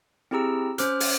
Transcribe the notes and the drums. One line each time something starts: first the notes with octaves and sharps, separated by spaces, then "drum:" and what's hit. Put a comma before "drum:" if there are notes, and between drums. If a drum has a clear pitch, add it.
C4 E4 G4 G#4 A#5 E6
C#4 C5 D6 F6 F#6, drum: hi-hat
drum: open hi-hat